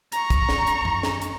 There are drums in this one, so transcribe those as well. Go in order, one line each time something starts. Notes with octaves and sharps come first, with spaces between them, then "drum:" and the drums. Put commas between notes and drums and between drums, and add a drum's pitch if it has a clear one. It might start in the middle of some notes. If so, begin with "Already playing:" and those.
A#5 C#6, drum: hi-hat
drum: kick, hi-hat
drum: snare
drum: hi-hat
drum: tom F#2
drum: snare
drum: hi-hat